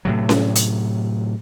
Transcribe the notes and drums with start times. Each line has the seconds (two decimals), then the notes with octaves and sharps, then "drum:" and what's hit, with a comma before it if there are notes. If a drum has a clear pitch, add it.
0.05 A2 C3 F#3
0.29 drum: snare C#4
0.56 drum: hi-hat